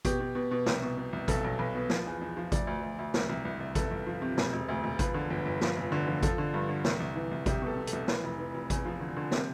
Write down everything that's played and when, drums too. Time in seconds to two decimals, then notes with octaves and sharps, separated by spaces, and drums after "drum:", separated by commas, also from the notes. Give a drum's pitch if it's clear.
0.05 B2 G4, drum: kick G#1, hi-hat
0.20 B2
0.35 B2
0.51 B2
0.66 C2, drum: snare
0.82 B2
0.97 B2
1.13 C2
1.28 B1 A4, drum: kick G#1, hi-hat
1.44 B1
1.59 B1 B4
1.75 B2
1.90 F3, drum: snare
2.06 E2
2.21 E2
2.37 F3
2.52 D2 D5, drum: kick G#1, hi-hat
2.67 D2
2.83 D2
2.99 D2
3.14 C2, drum: snare
3.29 C2
3.45 C2
3.60 C2
3.75 G1 A4, drum: kick G#1, hi-hat
3.91 G1
4.07 F3
4.22 C3
4.38 E1, drum: snare
4.53 E1
4.69 D2
4.84 E1
4.99 F3 B4, drum: kick G#1, hi-hat
5.14 D3
5.30 G1
5.45 G1
5.61 F3, drum: snare
5.77 F1
5.92 D3
6.07 F3
6.23 F3 A4, drum: kick G#1, hi-hat
6.38 D3
6.54 G2
6.69 D3
6.84 C2, drum: snare
7.00 C2
7.15 E3
7.31 C2
7.46 C2 G4, drum: kick G#1, hi-hat
7.62 B2 A4
7.77 B2
7.87 A4, drum: hi-hat
7.93 C2
8.08 E3 B4, drum: snare
8.24 F1
8.39 E3
8.54 F1
8.70 E2, drum: kick G#1, hi-hat
8.85 F3
9.01 D3
9.17 D3
9.32 C3, drum: snare